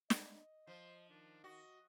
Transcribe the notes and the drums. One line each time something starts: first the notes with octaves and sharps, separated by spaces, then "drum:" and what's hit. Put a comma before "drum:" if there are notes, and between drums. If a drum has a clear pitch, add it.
D#5, drum: snare
F3 C5
D#3 D4
F#4 D#5